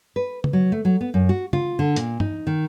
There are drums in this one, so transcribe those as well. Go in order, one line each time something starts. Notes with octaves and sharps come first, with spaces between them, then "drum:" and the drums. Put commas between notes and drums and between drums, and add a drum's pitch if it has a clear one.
B4
drum: tom C#3
F#3
A3
F#3
B3
F#2
F#4
F4, drum: tom C#3
D3
A#2, drum: hi-hat
D#4, drum: tom
D#3